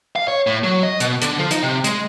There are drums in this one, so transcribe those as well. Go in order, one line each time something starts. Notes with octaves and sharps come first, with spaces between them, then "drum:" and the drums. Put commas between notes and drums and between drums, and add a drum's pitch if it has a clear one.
F5
C#5
A2
F#3
D#5
B2, drum: hi-hat
D3, drum: hi-hat
F3
D#4, drum: hi-hat
C3
G#3, drum: hi-hat